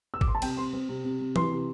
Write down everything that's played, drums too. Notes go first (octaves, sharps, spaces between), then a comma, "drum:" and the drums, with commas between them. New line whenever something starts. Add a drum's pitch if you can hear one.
E6
D6, drum: kick
C6
A5
C3 G5, drum: cymbal
C4 C6
C4
C3
C3
C3
E3 C6, drum: tom E3
C3